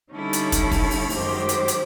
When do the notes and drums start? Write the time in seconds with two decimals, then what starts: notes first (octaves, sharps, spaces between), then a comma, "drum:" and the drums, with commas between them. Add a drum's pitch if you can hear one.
0.11 D3 G3 C#4 D#4 E4 A4
0.33 drum: hi-hat
0.52 drum: kick, hi-hat
0.72 drum: kick, open hi-hat
0.91 drum: open hi-hat
1.10 F#2 D#3 G#3 G4 C5, drum: open hi-hat
1.49 drum: hi-hat
1.68 drum: hi-hat